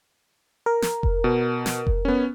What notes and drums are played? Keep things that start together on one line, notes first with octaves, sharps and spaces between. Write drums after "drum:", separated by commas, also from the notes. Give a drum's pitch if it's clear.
A#4
drum: snare
drum: kick F1
B2
drum: snare
drum: kick F1
B3 C#4